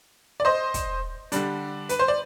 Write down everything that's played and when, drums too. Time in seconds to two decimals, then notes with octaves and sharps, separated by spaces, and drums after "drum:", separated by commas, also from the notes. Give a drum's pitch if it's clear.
0.40 D5
0.45 C5 D#5
0.74 drum: kick, hi-hat
1.32 D3 G3 D4, drum: hi-hat
1.89 B4, drum: hi-hat
1.99 C5
2.08 D5